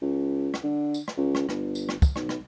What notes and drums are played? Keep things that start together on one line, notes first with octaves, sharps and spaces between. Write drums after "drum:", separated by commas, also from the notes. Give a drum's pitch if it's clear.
C#2
drum: rim click
D3
drum: tambourine
drum: rim click
C#2
drum: rim click
G1, drum: rim click
drum: tambourine
drum: rim click
drum: kick, tambourine
B1, drum: rim click
drum: rim click